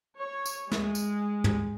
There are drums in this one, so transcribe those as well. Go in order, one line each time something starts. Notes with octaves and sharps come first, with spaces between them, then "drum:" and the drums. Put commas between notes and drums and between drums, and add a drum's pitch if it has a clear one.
C#5
drum: tambourine
G#3, drum: snare
drum: tambourine
drum: tom